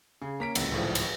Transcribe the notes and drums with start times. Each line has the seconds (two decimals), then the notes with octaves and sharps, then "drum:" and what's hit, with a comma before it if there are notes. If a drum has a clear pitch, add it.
0.22 C#3 G#4
0.40 A#3 C#4 A#5 B6 D7
0.55 D1 C#2, drum: cymbal
0.72 G#1 A2 F3
0.95 drum: cymbal